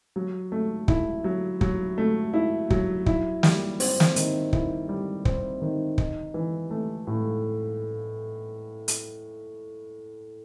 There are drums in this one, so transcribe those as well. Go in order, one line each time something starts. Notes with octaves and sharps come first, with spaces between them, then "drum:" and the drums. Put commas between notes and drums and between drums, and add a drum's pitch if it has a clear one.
F#3
A3
E4, drum: kick
F#3
F#3, drum: kick
A3
E4
F#3, drum: kick
E4, drum: kick
G3, drum: snare
C4, drum: open hi-hat
drum: snare
D#3, drum: hi-hat
E4, drum: kick
G3
C4, drum: kick
D#3
D#4, drum: kick
E3
A3
A2
drum: hi-hat